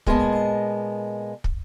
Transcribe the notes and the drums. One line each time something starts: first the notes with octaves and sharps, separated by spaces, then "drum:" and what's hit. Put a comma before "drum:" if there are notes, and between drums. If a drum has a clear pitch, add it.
A#2 G#3 B3 G#4 D#5 A5, drum: kick
drum: kick